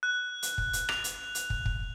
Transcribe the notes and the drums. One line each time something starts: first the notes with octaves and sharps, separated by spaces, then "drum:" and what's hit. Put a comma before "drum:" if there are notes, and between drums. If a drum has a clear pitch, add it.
F#6
drum: hi-hat
drum: kick
drum: hi-hat
F7, drum: rim click
drum: hi-hat
drum: hi-hat
drum: kick
drum: kick